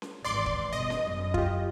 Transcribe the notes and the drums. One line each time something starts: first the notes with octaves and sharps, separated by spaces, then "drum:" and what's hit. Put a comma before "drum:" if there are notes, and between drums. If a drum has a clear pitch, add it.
drum: snare C#4
G#1 E3 D5 C6 D6
drum: kick
G1 B2 D#5
drum: snare C#4
F#2
F4 G4, drum: kick